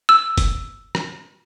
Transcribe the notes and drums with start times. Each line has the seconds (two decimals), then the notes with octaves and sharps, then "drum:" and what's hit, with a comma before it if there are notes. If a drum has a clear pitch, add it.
0.09 E6
0.38 drum: kick, hi-hat
0.95 drum: rim click